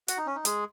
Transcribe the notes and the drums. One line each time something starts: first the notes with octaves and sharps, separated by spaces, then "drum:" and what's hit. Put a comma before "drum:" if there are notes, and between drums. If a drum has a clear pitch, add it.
F#4 F#5, drum: hi-hat
D#4
C#4
D#4
G#3 G#4, drum: hi-hat